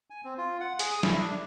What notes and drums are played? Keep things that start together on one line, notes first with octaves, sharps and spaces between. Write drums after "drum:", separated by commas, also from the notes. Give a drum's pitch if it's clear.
G#5
C4
F4
F#5
G#4, drum: hi-hat
D#6
E4, drum: snare
D4